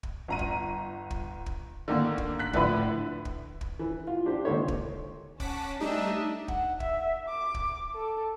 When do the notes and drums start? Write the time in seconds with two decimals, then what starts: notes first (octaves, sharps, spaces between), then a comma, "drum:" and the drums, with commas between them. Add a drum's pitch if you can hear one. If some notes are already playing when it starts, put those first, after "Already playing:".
0.03 drum: kick
0.28 G1 A#5 D#7
0.39 drum: kick
1.10 drum: kick
1.46 drum: kick
1.88 D3 D#3 A#3
2.18 drum: kick
2.39 F#6 B6
2.53 A2 D3 F3 E4 B4 B5, drum: kick
3.25 drum: kick
3.61 drum: kick
3.79 E3
4.07 F4
4.26 D4 G4 C5
4.45 C#2 D#3 A#3 A4 C5 C#5
4.68 drum: kick
5.40 C#4 F#5 A5 D6 B6, drum: kick
5.80 G3 A3 D4 D#4 G4 D#5 E5
6.48 F#5, drum: kick
6.80 E5, drum: kick
7.28 D6
7.54 drum: kick
7.95 A4